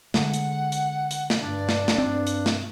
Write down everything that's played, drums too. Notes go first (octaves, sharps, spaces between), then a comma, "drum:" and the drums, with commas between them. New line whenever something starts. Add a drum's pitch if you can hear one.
D3 G#3 F#5, drum: snare
drum: hi-hat
drum: hi-hat
drum: hi-hat
drum: snare
G2 D4 D5
drum: snare
drum: snare
G2 C4
drum: hi-hat
drum: snare